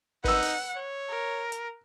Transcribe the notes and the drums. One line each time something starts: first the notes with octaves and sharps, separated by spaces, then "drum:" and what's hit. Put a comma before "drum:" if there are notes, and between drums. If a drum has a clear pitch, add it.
D#4 B4 F#5 E6, drum: kick
drum: open hi-hat
C#5
A#4
drum: hi-hat